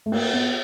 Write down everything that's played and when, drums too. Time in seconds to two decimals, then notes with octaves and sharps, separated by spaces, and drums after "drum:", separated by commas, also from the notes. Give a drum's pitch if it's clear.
0.06 A3
0.12 A#3, drum: cymbal
0.34 B3